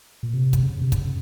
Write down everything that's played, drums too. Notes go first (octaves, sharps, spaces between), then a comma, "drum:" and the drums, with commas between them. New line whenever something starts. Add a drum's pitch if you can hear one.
A#2
C3
drum: kick, hi-hat
C#3
C3
C#3, drum: kick, hi-hat